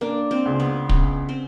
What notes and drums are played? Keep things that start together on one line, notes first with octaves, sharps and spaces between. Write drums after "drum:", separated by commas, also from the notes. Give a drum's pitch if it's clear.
A#3 D4
C4
C#2
B3
C#3, drum: kick
C4